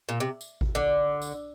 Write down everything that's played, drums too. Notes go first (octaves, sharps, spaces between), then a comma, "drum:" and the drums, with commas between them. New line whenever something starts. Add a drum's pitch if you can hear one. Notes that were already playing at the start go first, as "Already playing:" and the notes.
A#2
C3
drum: tambourine
drum: kick G#1
D3
drum: tambourine